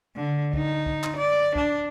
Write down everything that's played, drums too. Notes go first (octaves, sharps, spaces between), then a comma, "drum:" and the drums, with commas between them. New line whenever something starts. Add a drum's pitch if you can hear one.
D3
D#4, drum: kick C2
drum: kick C2
drum: clap
D5
D4, drum: kick C2